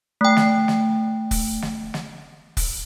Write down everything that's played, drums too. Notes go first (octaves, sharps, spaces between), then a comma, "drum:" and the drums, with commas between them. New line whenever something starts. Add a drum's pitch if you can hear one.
A3 G5
drum: snare
drum: snare
drum: kick, open hi-hat
drum: snare
drum: snare
drum: kick, open hi-hat